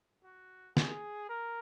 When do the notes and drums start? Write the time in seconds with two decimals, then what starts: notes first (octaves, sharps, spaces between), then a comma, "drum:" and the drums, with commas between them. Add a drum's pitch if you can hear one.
0.24 F#4
0.77 G#4, drum: snare
1.29 A#4